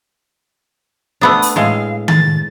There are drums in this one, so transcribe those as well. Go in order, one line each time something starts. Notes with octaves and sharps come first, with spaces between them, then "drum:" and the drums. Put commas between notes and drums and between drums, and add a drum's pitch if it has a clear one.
A3 B3 D4 D#6
drum: open hi-hat
A2 G#3 F5
A6, drum: tom D#3